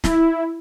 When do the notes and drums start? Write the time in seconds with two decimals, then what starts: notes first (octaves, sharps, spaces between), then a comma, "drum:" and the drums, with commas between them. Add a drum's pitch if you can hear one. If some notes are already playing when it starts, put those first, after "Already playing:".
0.04 E4, drum: snare